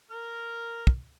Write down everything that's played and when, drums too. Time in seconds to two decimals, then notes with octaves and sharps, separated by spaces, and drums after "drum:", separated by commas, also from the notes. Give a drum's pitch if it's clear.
0.11 A#4 F6
0.87 drum: kick